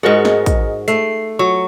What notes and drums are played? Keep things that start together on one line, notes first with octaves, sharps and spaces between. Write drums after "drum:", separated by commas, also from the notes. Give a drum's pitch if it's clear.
G#2 F#4 G#4 A#4 D#5
drum: snare
drum: kick, hi-hat
A3 C7, drum: hi-hat
F#3 C#6